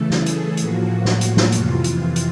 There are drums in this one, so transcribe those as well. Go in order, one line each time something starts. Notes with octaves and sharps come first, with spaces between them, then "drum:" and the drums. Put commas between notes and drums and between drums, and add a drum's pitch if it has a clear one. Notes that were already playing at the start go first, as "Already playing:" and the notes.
Already playing: C#3 E3 A3 A4
G#4, drum: snare
drum: hi-hat
A2 F3 A#3 F#4, drum: hi-hat
drum: snare
drum: hi-hat
drum: snare
F2 C3 E3 F4, drum: hi-hat
drum: hi-hat
drum: hi-hat